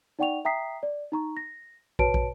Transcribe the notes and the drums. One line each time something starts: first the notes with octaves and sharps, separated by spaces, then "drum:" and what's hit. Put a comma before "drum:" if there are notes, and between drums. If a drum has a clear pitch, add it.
D#4 D5 F#5 G5 C#6 F7
E5 G5 A#5 D#6 B6 C7
D5
D#4 A#5 C#6
A#6
F#4 B4 C#5 A5 D7, drum: kick
drum: kick